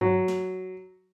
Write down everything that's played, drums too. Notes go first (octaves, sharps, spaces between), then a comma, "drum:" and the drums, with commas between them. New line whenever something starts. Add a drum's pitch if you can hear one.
F#3, drum: tom G2
drum: snare